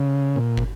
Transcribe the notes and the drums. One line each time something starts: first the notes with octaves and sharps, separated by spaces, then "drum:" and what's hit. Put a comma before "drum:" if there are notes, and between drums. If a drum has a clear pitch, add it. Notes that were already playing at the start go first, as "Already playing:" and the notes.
Already playing: C#3
A#2
drum: kick